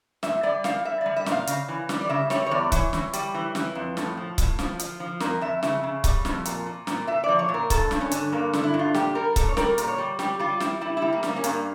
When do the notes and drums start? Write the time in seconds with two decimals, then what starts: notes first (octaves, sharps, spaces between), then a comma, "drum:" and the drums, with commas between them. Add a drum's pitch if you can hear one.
0.23 A#2 E5, drum: snare
0.43 G3 D5
0.64 G3 F5, drum: snare
0.85 G3 E5
1.01 G3 D5
1.16 E5
1.26 A#2, drum: snare
1.32 F5
1.47 C#3, drum: hi-hat
1.68 E3
1.89 G3, drum: snare
2.01 D5
2.09 C#3 E5
2.30 G3 C#5, drum: snare
2.46 C#5
2.51 E2 D5
2.72 E3 C#5, drum: kick C#1, hi-hat
2.93 E3, drum: snare
3.13 G3, drum: hi-hat
3.34 E3
3.55 E3, drum: snare
3.75 F2
3.97 A2, drum: snare
4.17 F3
4.38 A2, drum: kick C#1, hi-hat
4.59 F3, drum: snare
4.79 F3, drum: hi-hat
5.00 F3
5.20 F2 A#4, drum: snare
5.41 F2 E5
5.63 C#3 E5, drum: snare
5.83 C#3
6.04 G3, drum: kick C#1, hi-hat
6.25 F2, drum: snare
6.45 A#2, drum: hi-hat
6.66 A#2
6.87 A#2, drum: snare
7.08 A#2 E5
7.24 F3 D5
7.39 C#5
7.49 A#2
7.54 A#4
7.70 G2 A4, drum: kick C#1, hi-hat
7.91 G2, drum: snare
8.01 C#4
8.11 D3, drum: hi-hat
8.32 G2 A#3
8.53 D3, drum: snare
8.64 E4
8.74 G2
8.79 F4
8.94 A#2 G4, drum: snare
9.15 G3 A#4
9.36 A#2 A4, drum: kick C#1, hi-hat
9.49 C#5
9.57 G3 A#4, drum: snare
9.78 A#2, drum: hi-hat
9.88 C#5
9.98 G3
10.19 G3 G4, drum: snare
10.39 G3 F4
10.60 G3 E4, drum: snare
10.81 G3 E4
10.97 G3 E4
11.13 A#3
11.23 G3, drum: snare
11.28 A#3
11.36 C#4
11.44 G2 A#3, drum: hi-hat